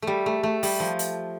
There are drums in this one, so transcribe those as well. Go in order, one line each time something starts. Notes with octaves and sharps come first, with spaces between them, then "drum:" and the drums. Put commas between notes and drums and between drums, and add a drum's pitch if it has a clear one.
G3 A3
A3
A3
G3, drum: open hi-hat
F3
drum: hi-hat